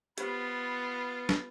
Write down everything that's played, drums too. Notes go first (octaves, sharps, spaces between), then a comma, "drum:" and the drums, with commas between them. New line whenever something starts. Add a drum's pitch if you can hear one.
B3 F4 G4 C5 B5, drum: hi-hat
drum: snare